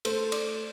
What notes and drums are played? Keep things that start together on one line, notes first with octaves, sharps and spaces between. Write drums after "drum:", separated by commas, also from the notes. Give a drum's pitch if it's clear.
A3 C5, drum: cymbal
C5
D5, drum: cymbal